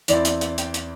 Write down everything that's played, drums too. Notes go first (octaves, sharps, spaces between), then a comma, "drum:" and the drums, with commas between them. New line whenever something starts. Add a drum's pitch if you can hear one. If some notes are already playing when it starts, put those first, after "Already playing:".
E2 E3 C4 E4 D5, drum: hi-hat
drum: hi-hat
drum: hi-hat
G5, drum: hi-hat
drum: hi-hat